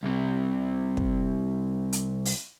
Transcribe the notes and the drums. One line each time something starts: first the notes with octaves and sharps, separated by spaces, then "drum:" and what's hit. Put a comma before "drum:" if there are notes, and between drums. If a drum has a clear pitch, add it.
C2 C3
drum: kick
drum: hi-hat
drum: open hi-hat